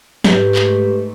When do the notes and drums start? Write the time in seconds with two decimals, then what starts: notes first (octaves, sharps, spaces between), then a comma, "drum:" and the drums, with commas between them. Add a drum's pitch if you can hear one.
0.24 G#2 A3 G4 B4, drum: snare
0.55 drum: clap